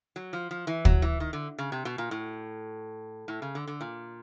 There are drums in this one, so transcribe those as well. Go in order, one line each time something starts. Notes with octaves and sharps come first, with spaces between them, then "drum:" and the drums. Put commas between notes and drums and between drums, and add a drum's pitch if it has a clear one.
F#3
F3
F3
E3
F#3, drum: kick
E3
D#3
D3
C#3
C3
B2
A#2
A2
A2
C#3
D3
D3
A#2